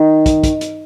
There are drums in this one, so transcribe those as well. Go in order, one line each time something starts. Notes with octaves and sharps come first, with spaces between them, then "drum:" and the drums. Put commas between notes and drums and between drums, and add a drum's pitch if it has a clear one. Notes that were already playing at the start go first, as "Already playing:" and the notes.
Already playing: D#3
drum: kick, hi-hat
drum: kick, hi-hat
drum: hi-hat